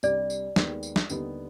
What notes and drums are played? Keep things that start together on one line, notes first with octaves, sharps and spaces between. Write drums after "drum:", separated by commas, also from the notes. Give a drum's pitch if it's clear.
C2 C3 G3 D4 D5, drum: tambourine
drum: tambourine
D#2 D#3 G#3 B3, drum: snare
drum: tambourine
drum: snare
D#2 D3 G3 B3 D#4, drum: tambourine